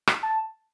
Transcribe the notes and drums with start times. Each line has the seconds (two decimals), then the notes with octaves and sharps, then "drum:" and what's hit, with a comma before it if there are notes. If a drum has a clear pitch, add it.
0.07 drum: rim click
0.23 A5